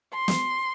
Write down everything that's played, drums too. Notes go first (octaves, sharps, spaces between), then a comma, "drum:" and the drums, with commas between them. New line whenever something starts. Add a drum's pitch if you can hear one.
C6
drum: snare